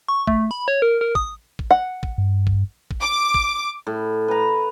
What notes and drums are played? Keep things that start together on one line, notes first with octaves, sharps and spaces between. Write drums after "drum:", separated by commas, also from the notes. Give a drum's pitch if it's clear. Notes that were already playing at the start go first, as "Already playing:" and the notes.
C#6
A3, drum: kick
B5
C#5
A#4
A#4
D#6, drum: kick
drum: kick
F#5
drum: kick
G2
drum: kick
drum: kick
D6
drum: kick
A2
B4 A#5